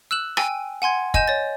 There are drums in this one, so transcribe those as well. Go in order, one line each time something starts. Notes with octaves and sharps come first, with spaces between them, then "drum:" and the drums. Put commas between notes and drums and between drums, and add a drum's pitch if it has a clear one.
E6 F#6 E7 F#7
G5 G#5 E6 D#7, drum: rim click
F#5 G#5 C6 G#6
D#5 G#5 G6 E7, drum: kick
C#5 A6